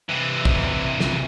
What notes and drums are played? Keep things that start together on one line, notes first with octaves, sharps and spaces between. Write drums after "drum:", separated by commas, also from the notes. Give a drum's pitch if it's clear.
C3 E3
drum: kick
drum: snare